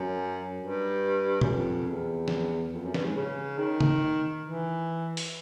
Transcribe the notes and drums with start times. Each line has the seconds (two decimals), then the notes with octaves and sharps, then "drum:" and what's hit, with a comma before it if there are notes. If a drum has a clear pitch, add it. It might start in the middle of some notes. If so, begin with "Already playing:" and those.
Already playing: F#2
0.61 G2
1.41 F#2, drum: tom
1.45 F2
1.88 E2
2.28 drum: snare
2.73 F2
2.84 F#2
2.94 G2, drum: snare
3.05 G#2
3.16 C#3
3.58 D#3
3.81 drum: tom C#3
4.44 E3
5.17 drum: open hi-hat